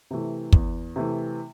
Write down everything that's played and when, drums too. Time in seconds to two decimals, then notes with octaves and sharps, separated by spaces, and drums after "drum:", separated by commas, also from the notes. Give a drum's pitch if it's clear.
0.11 C3 E3 A3
0.53 E2, drum: kick
0.96 C3 E3 A3